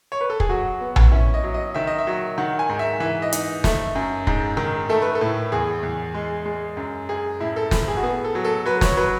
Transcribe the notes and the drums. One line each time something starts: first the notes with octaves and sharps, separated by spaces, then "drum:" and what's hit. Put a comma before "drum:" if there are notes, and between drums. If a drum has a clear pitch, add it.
C#5
B4
A4
G#4, drum: kick
F#3 F#4
B3
drum: tom A#1
C#4 E4
D#5
F#3
D#5
D#3 E5
D#5
E5
F#3
D#3 F#5
G#5
G#2
E5
E3 E5
D#5
D#4, drum: hi-hat
A3, drum: snare
F#2
G#2, drum: kick
D#3
A3 A4
B4
A4
A2
E2 G#4
E2
G#3
G#3
F#2
F#2 G#4
A2 E4
A4
A2 A4, drum: snare
G#4
F#4
B3 G#4
A4
F#3
A4
F#3 B4
C#5, drum: snare
F#3 B4